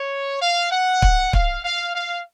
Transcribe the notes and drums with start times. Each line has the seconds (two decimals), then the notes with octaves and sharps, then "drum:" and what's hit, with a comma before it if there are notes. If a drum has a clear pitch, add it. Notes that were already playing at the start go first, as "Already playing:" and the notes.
Already playing: C#5
0.41 F5
0.71 F#5
1.02 drum: kick C#1
1.33 F5, drum: kick C#1
1.64 F5
1.95 F5